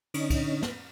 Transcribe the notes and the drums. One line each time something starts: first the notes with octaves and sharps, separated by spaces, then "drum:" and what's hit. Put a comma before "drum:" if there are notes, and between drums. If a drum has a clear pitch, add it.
D3 C#4 D#4, drum: cymbal
drum: kick, cymbal
drum: snare